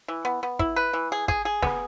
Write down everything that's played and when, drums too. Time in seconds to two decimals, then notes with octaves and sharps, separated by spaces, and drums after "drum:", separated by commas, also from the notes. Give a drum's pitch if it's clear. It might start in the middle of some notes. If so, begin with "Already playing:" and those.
0.08 E3
0.25 B3
0.43 B3
0.59 E4, drum: kick
0.76 B4
0.93 E3
1.12 G#4
1.28 G#4, drum: kick
1.45 G#4
1.63 B3, drum: snare